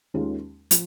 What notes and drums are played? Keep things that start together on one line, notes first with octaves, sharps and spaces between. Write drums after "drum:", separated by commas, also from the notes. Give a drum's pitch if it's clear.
D#2 D#3 G#3 C#4 F4
F3, drum: hi-hat